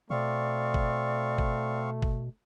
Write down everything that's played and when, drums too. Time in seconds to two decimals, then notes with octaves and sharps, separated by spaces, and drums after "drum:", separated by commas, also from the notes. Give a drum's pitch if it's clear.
0.10 B2 A3 C4 D5 F5 C#6
0.74 drum: kick G1
1.38 drum: kick G1
2.02 drum: kick G1